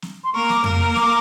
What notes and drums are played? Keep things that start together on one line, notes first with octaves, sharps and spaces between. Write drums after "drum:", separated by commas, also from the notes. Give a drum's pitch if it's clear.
drum: snare
C6
A#3 A#4 C#6
D6, drum: snare
A#3 A#4, drum: tom F2
D6, drum: snare